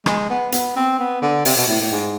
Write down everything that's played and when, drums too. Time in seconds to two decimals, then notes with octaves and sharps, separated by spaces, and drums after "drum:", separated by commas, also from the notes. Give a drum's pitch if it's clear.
0.06 G#3, drum: rim click
0.30 B3
0.52 B3, drum: hi-hat
0.76 C4
0.99 B3
1.22 D3
1.45 C3, drum: open hi-hat
1.57 B2
1.68 A2
1.80 A2
1.91 G#2